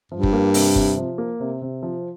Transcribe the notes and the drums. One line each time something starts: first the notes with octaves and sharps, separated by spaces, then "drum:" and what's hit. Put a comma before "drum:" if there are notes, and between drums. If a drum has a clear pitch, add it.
G2 F3
drum: kick F#1
A#3
C3, drum: open hi-hat
C3, drum: kick F#1
F3
A#3
C3
C3
F3